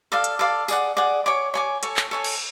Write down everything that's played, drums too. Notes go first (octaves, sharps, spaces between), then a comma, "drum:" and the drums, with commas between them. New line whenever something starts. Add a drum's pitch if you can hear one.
A4 D5 F5
drum: hi-hat
A4 D5 F5
G#4 D5 F#5, drum: tambourine
G#4 D5 F#5
C#5 G#5 D6
C#5 G#5 D6
A4 C#5 G#5, drum: hi-hat
drum: clap
A4 C#5 G#5
drum: cymbal